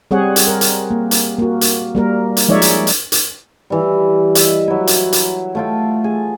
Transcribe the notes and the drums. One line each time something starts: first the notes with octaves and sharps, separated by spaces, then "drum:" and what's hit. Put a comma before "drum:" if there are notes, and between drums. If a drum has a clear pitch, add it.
G3 C4 G#4 C#5 F#5
drum: hi-hat
A#4
drum: hi-hat
A#3
drum: hi-hat
A#3 F#4
drum: hi-hat
G3 A#3 A#4
drum: hi-hat
F3 G#3 D#4 C#5 D5 E5
drum: hi-hat
drum: hi-hat
drum: hi-hat
E3 G3
D#5 E5, drum: hi-hat
F#3 E4
drum: hi-hat
drum: hi-hat
A3 F4 G5
G#4